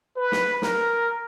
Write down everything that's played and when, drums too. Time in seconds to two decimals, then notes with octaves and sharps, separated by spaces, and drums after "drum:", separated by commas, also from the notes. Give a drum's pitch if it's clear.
0.17 B4
0.32 drum: snare
0.62 A#4, drum: snare